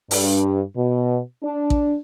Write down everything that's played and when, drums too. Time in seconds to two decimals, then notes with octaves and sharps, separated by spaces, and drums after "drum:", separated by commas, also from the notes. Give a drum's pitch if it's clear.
0.11 G2, drum: open hi-hat
0.76 B2
1.43 D4
1.70 drum: kick A1